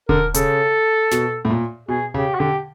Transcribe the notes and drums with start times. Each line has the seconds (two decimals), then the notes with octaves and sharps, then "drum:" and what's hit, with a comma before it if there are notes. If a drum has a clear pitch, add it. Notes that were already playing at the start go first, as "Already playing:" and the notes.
0.09 D3 A#4, drum: kick D#1
0.34 C#3 A4, drum: hi-hat
1.12 B2, drum: snare
1.45 A2
1.50 A#2
1.88 B2 G#4
2.14 C#3 G4
2.34 F#4
2.39 D3 G4